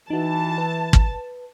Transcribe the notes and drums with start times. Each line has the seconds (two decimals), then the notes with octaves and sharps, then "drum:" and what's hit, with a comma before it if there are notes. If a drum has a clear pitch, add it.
0.10 E3 D#4 F#4 A5
0.58 B4
0.93 drum: kick